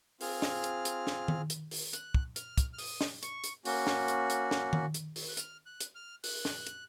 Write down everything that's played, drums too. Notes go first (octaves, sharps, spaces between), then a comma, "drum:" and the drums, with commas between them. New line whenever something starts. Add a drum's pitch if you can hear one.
C4 F4 G#4 F6, drum: open hi-hat
drum: snare
drum: hi-hat
drum: hi-hat
drum: snare
drum: tom D#3
drum: hi-hat
drum: open hi-hat
F#6, drum: hi-hat
drum: kick
F6, drum: hi-hat
drum: kick, hi-hat
F6
D#6, drum: open hi-hat
drum: snare
C#6, drum: hi-hat
drum: hi-hat
A#3 C#4 F#4, drum: open hi-hat
drum: snare
drum: hi-hat
drum: hi-hat
drum: snare
drum: tom D#3
drum: hi-hat
drum: open hi-hat
F#6
F6, drum: hi-hat
F#6
drum: hi-hat
F6
F#6, drum: open hi-hat
drum: snare
drum: hi-hat